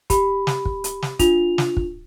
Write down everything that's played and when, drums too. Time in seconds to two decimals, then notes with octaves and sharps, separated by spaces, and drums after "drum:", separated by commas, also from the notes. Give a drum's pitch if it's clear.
0.10 G4 B5, drum: kick, hi-hat
0.47 drum: snare
0.65 drum: kick
0.84 drum: hi-hat
1.02 drum: snare
1.19 D4 F4 F7, drum: kick, hi-hat
1.58 drum: snare
1.77 drum: kick